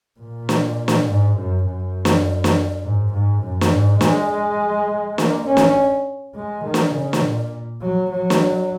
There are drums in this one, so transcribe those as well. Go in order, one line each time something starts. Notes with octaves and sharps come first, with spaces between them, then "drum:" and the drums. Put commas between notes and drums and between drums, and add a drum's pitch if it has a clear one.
A#2
drum: snare
drum: snare
G#2
F#2
F#2
drum: snare
drum: snare
G#2
G#2
F#2
drum: snare
G#2
G#3, drum: snare
A#3, drum: snare
C#4
drum: snare
G#3
D#3
drum: snare
C#3
drum: snare
A#2
F#3
F#3
drum: snare